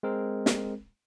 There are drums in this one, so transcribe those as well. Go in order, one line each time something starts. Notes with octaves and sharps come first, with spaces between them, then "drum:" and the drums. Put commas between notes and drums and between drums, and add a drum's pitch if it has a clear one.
G#3 C4 A#4
drum: snare